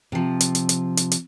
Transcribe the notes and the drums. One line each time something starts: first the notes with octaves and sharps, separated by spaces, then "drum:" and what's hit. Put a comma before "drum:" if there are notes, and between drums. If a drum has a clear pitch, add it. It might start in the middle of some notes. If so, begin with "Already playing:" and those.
C3 F3
drum: hi-hat
drum: hi-hat
drum: hi-hat
drum: hi-hat
drum: hi-hat